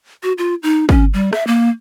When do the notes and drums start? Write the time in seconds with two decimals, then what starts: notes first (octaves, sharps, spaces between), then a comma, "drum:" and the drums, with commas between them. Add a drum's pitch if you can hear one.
0.23 F#4
0.38 F4
0.63 D#4
0.89 C#4, drum: kick
1.14 G3
1.33 E5, drum: rim click
1.47 A#3